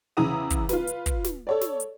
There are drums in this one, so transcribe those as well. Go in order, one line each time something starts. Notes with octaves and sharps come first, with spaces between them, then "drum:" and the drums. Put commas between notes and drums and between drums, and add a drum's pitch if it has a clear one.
E2 C#3 E4 A#5 D#6 D#7
drum: kick, hi-hat
F4 B4, drum: snare
drum: hi-hat
drum: kick, hi-hat
drum: snare
A4 C#5 D5
drum: snare
drum: hi-hat